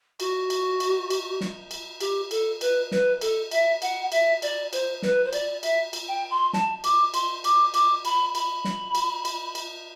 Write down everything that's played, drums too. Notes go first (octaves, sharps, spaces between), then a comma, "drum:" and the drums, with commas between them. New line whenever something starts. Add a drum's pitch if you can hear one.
F#4, drum: cymbal
drum: cymbal
drum: cymbal
drum: cymbal
drum: snare
drum: cymbal
G4, drum: cymbal
A4, drum: cymbal
B4, drum: cymbal
B4, drum: snare
A4, drum: cymbal
E5, drum: cymbal
F#5, drum: cymbal
E5, drum: cymbal
D5, drum: cymbal
C5, drum: cymbal
B4, drum: snare
C5
D5, drum: cymbal
E5, drum: cymbal
drum: cymbal
G5
C6
A5, drum: snare
D6, drum: cymbal
C6, drum: cymbal
D6, drum: cymbal
D6, drum: cymbal
B5, drum: cymbal
B5, drum: cymbal
drum: snare
drum: cymbal
drum: cymbal
drum: cymbal